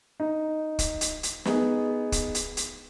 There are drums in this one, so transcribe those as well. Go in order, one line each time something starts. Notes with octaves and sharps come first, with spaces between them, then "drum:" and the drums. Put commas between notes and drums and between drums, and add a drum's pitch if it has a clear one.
D#4
drum: kick, hi-hat
drum: hi-hat
drum: hi-hat
B3 D#4 G#4, drum: snare
drum: kick, hi-hat
drum: hi-hat
drum: hi-hat